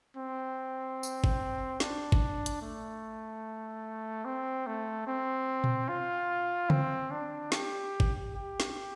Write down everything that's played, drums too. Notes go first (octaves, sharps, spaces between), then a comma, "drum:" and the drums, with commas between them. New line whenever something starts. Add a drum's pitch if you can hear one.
C4
drum: tambourine
drum: kick
D4, drum: snare
drum: kick
drum: hi-hat
A3
C4
A3
C4
drum: tom A#2
F4
C4, drum: tom C#3
D4
G4, drum: snare
drum: kick
G4
drum: snare